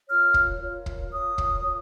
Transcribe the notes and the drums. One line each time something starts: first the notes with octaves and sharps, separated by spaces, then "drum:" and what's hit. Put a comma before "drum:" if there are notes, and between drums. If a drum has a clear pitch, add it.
F4 A#4 C#5 F6
drum: kick
F4 A#4 C#5
drum: kick
F4 A#4 C#5 D#6
drum: kick
F4 A#4 C#5